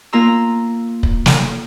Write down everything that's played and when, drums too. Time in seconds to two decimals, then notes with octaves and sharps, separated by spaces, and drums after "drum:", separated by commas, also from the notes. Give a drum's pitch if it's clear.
0.13 A#3 F4 A#5 C6 E6
1.03 drum: kick
1.26 drum: snare